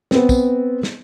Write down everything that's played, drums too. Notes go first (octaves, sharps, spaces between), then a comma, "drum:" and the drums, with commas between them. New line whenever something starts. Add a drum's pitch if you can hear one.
B3 C4, drum: snare
drum: kick, tambourine
drum: snare